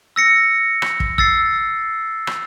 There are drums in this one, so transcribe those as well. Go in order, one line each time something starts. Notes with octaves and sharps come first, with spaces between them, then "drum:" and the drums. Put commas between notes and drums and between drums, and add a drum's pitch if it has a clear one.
E6 A#6 C#7
drum: rim click
drum: kick
E6 A6 C7, drum: kick
drum: rim click